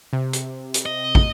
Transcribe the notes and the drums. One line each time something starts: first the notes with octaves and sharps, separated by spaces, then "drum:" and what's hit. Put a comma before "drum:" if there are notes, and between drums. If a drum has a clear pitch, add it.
C3
drum: hi-hat
drum: hi-hat
D#5
drum: kick